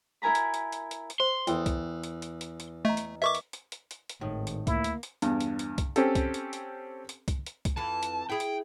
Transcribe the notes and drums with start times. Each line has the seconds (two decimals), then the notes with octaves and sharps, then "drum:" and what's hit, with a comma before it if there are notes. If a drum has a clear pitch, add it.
0.22 E4 A#4 G#5 A#5 B5
0.35 drum: hi-hat
0.54 drum: hi-hat
0.72 drum: hi-hat
0.91 drum: hi-hat
1.10 drum: hi-hat
1.20 C5 C6
1.47 E2 A4 G5, drum: hi-hat
1.66 drum: kick C2, hi-hat
2.04 drum: hi-hat
2.22 drum: hi-hat
2.41 drum: hi-hat
2.60 drum: hi-hat
2.85 A3 D#5 A#5
2.97 drum: hi-hat
3.22 A#4 B4 D#5 E5 C#6 D6
3.35 drum: hi-hat
3.53 drum: hi-hat
3.72 drum: hi-hat
3.91 drum: hi-hat
4.09 drum: hi-hat
4.21 G#1 A2 D#3
4.47 drum: hi-hat
4.67 D2 A#3 E4, drum: kick C2, hi-hat
4.84 drum: hi-hat
5.03 drum: hi-hat
5.22 E2 G2, drum: hi-hat
5.41 drum: hi-hat
5.59 drum: hi-hat
5.78 drum: kick C2, hi-hat
5.96 C4 C#4 G4 A4, drum: hi-hat
6.15 drum: kick C2, hi-hat
6.34 drum: hi-hat
6.53 drum: hi-hat
7.09 drum: hi-hat
7.28 drum: kick C2, hi-hat
7.46 drum: hi-hat
7.65 drum: kick C2, hi-hat
7.77 F2 E3 A5
8.03 drum: hi-hat
8.30 E4 G#4 G5
8.40 drum: hi-hat